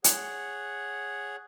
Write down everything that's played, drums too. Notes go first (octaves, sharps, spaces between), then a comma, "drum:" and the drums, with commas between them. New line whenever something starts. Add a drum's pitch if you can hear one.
G#4 C#5 F#5, drum: hi-hat